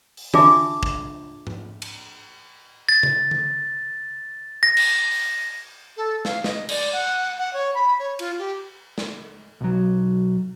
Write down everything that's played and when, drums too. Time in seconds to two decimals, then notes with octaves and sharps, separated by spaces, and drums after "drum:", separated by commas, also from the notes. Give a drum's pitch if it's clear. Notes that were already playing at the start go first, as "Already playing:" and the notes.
0.17 drum: open hi-hat
0.34 D4 F4 G#4 E5 A5 D6, drum: tom D#3
0.83 drum: kick
1.47 drum: tom G#2
1.82 drum: cymbal
2.89 A6
3.03 drum: tom C3
3.31 drum: tom D3
4.63 A#6
4.77 drum: cymbal
5.11 drum: open hi-hat
5.97 A4
6.25 F5, drum: snare
6.44 D#5, drum: snare
6.69 D5, drum: cymbal
6.92 F#5
7.38 F#5
7.53 C#5
7.75 B5
7.99 C#5
8.19 F4, drum: cymbal
8.39 G4
8.98 drum: snare
9.61 B1 F#3